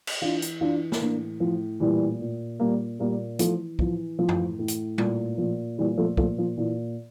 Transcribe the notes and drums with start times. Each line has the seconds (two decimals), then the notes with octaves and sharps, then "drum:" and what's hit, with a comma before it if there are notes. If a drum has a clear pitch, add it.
0.07 drum: cymbal
0.21 E3 D4 F4
0.42 drum: hi-hat
0.61 E3 D4 F4
0.92 drum: snare
1.01 A2 A#3 D4
1.40 A2 F3
1.80 A#2 E3 G3
2.21 A#2
2.60 A#2 G3 A#3
2.99 A#2 G3 A#3
3.39 E3 F3 A3, drum: hi-hat
3.79 E3 F3, drum: kick
4.19 A2 F3
4.29 drum: tom F#2
4.59 A2
4.68 drum: hi-hat
4.98 A#2, drum: tom G3
5.38 A#2 F3
5.78 A#2 E3 G3
5.98 F3 A3
6.17 A#2 F3 A3, drum: kick
6.38 F3
6.57 A#2 E3